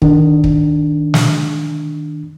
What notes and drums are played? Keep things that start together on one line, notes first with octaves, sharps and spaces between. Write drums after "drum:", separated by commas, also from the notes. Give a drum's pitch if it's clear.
D#3 D4, drum: kick
drum: kick
drum: snare